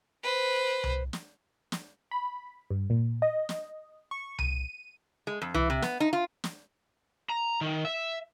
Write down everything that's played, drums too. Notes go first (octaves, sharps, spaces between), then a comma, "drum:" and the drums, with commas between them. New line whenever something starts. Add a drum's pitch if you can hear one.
B4 C5
drum: tom C2
drum: snare
drum: snare
B5
G2
A#2
D#5
drum: snare
C#6
D#7, drum: tom C2
G#3
F2
E3, drum: tom C2
C3
B3, drum: snare
D#4
F4
drum: snare
A#5
D#3
E5